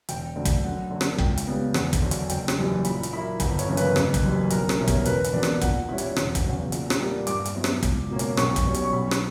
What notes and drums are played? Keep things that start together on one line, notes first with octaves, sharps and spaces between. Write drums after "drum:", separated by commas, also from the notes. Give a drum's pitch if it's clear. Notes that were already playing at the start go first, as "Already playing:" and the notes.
E1 G5, drum: hi-hat
D2 D3
drum: kick, hi-hat
F#2 F#5
D3 A#3
drum: rim click
C#2 G5, drum: kick
drum: hi-hat
C#3 G3 B3
E2, drum: rim click
drum: kick, hi-hat
D3 F#3
drum: hi-hat
F#1 G5, drum: hi-hat
drum: rim click
F#2 E3 G3
A#2 B5, drum: hi-hat
drum: hi-hat
F#3 A#3 E4 B5
G1 B5, drum: kick, hi-hat
C#5, drum: hi-hat
F#2 C#3 E3 A#3
B4, drum: hi-hat
F#1, drum: rim click
drum: kick, hi-hat
F#2 E3 G3
B1 A#4, drum: hi-hat
drum: rim click
B2 G3 C#4 E4
drum: kick, hi-hat
A#4
E1 B4, drum: hi-hat
drum: hi-hat
E2 B2 A#3 D4 D5
drum: rim click
A#2 F#5, drum: kick, hi-hat
G3 C#4 E4
drum: hi-hat
E1, drum: rim click
drum: kick, hi-hat
E2 C#3 F#3
A#2, drum: hi-hat
drum: rim click
G3 A#3 D4
G2 D6, drum: hi-hat
drum: hi-hat
F#3 B3 E4
drum: rim click
C#2, drum: kick, hi-hat
B2 A#3 C#4
drum: hi-hat
B1 C#6, drum: rim click
drum: kick, hi-hat
B2 G3 C#4
drum: hi-hat
C#6
B1 B5
drum: rim click